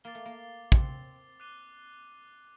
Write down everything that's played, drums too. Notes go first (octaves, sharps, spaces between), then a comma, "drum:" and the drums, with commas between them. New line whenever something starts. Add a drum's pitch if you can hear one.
A#3 D6 A6 C7 G7
A3
A#3
C4, drum: kick
D6 F#6 C7 D#7 G7